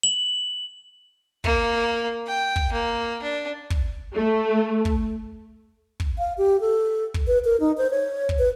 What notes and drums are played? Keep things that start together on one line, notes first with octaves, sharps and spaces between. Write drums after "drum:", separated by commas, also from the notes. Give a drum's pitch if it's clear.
F#7
A#3, drum: kick
G5
drum: kick
A#3
D4
drum: kick
A3
drum: kick
drum: kick
F5
G4
A4
drum: kick
B4
A#4
D#4
C5
C#5
drum: kick
B4